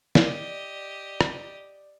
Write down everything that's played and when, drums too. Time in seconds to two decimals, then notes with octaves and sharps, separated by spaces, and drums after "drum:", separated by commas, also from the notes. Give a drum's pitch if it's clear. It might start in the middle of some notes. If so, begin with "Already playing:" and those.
0.15 G4 D5 D#5, drum: snare
1.21 drum: rim click